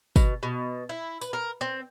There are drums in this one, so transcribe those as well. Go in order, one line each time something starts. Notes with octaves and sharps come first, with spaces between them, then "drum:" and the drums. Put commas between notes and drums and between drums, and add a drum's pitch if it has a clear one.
B2, drum: kick, tambourine
B2
E4
B4, drum: tambourine
A#4
C4